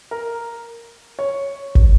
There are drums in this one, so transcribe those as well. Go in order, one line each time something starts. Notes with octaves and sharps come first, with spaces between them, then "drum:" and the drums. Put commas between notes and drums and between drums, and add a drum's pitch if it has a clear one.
A#4
C#5
drum: kick G1